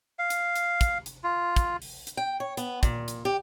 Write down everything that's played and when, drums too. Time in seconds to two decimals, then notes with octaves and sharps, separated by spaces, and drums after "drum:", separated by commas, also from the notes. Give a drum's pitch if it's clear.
0.19 F5
0.30 drum: hi-hat
0.56 drum: hi-hat
0.81 drum: kick, hi-hat
1.06 drum: hi-hat
1.24 F4
1.56 drum: kick, hi-hat
1.82 drum: open hi-hat
2.07 drum: hi-hat
2.17 G5
2.40 C#5
2.57 B3, drum: hi-hat
2.83 A#2, drum: kick, hi-hat
3.08 drum: hi-hat
3.25 G4